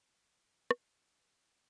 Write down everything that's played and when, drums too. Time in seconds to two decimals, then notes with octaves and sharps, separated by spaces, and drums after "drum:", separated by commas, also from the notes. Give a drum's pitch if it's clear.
0.12 G#2 G#3 D5
0.71 drum: rim click